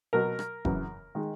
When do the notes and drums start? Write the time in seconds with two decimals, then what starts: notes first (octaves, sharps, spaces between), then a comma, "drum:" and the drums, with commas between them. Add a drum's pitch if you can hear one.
0.13 B2 F#3 A#4
0.39 drum: rim click
0.65 F#2 C#3 E3, drum: kick E1
1.15 D#3 G#3